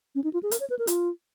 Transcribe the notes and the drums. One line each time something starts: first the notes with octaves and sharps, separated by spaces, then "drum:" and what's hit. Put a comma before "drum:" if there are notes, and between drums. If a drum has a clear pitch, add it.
C#4
D#4
F4
G#4
A#4, drum: hi-hat
C#5
B4
A#4
F4, drum: hi-hat